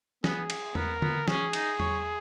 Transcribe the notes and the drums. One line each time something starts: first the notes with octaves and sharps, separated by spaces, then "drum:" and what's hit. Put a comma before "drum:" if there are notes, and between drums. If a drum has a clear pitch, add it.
B3 G#4, drum: snare
drum: cymbal
B3 A#4, drum: tom E2
B3, drum: tom D3
C#4 G#4, drum: snare
D#4, drum: cymbal
C#5, drum: tom E2